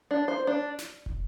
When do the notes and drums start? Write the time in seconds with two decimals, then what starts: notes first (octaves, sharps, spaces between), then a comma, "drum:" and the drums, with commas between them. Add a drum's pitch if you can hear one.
0.11 D4
0.28 C5
0.38 drum: tom D4
0.47 D4
0.79 drum: snare
1.06 drum: kick